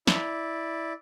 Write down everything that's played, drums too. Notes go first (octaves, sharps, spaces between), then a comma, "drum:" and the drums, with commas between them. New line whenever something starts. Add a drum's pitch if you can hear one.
E4 D5, drum: snare